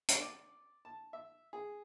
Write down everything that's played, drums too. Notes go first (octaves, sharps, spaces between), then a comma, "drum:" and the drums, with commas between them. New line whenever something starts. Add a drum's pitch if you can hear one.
drum: hi-hat
D5
A5
E5
G#4